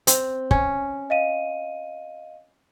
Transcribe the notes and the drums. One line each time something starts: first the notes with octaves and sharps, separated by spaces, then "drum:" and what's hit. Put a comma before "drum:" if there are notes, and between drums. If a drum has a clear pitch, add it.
C4, drum: hi-hat
C#4, drum: kick
D#5 F5 D#7